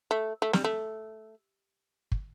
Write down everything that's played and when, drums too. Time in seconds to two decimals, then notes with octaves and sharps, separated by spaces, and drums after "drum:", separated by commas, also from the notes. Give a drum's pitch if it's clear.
0.11 A3
0.42 A3
0.53 G3, drum: snare
0.64 A3
2.12 drum: kick